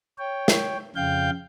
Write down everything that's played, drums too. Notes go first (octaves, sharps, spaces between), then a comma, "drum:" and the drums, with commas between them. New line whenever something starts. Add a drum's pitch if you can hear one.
C#5 G5
drum: snare
F2 C#3 F5 G5 G6